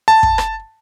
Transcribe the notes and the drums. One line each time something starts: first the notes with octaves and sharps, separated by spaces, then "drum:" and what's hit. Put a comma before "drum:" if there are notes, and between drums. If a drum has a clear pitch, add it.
A5
drum: kick
drum: rim click